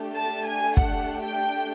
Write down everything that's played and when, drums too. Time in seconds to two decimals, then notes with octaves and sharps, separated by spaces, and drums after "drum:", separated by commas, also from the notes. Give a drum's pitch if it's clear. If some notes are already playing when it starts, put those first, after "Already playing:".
Already playing: A3 D4 G4
0.16 A5
0.47 G#5
0.77 F#5, drum: kick
1.23 G5